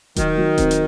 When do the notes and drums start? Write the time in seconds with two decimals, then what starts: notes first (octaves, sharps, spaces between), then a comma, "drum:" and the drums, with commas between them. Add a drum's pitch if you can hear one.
0.16 D#3 F#3, drum: kick D#1, hi-hat
0.38 F#3
0.58 C4, drum: kick D#1, hi-hat
0.71 drum: hi-hat